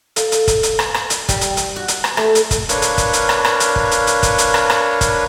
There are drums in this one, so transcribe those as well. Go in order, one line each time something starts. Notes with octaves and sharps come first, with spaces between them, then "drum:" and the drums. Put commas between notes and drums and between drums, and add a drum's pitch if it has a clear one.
A4 F5, drum: hi-hat
drum: hi-hat
drum: kick, hi-hat
drum: hi-hat
drum: rim click
drum: rim click
drum: hi-hat
G3, drum: kick, hi-hat
drum: hi-hat
drum: hi-hat
F#4
drum: hi-hat
drum: rim click
A3, drum: rim click
drum: hi-hat
drum: kick, hi-hat
D4 A#4 B4 C#5 F5 C#6, drum: hi-hat
drum: hi-hat
drum: kick, hi-hat
drum: hi-hat
drum: rim click
drum: rim click
drum: hi-hat
drum: kick
drum: hi-hat
drum: hi-hat
drum: kick, hi-hat
drum: hi-hat
drum: rim click
drum: rim click
drum: kick, hi-hat